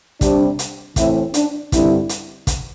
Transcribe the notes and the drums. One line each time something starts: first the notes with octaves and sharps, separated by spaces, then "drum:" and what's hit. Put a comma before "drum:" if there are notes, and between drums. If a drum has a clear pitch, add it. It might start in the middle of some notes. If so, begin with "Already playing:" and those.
C3 G3 C4 D4, drum: kick, hi-hat
drum: hi-hat
A2 E3 C4 E4, drum: kick, hi-hat
D4, drum: hi-hat
G2 D3 G3 C4 E4, drum: kick, hi-hat
drum: hi-hat
drum: kick, hi-hat